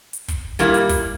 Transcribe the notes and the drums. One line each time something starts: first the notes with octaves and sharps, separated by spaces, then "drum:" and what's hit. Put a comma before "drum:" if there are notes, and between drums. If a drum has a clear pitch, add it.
drum: hi-hat
drum: kick, hi-hat
A#2 G3 A#3 E4, drum: hi-hat
drum: hi-hat
drum: kick, open hi-hat